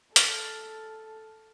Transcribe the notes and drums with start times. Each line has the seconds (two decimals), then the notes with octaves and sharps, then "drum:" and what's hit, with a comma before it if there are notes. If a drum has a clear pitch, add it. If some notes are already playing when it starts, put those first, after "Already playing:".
0.16 A4 F6 A6, drum: hi-hat